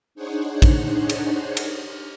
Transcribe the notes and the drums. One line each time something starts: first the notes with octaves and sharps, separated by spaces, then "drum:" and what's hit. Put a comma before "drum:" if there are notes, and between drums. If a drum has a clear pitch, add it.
D4 D#4 G#4 C5 C#5 F#5
drum: kick, cymbal
drum: cymbal
drum: cymbal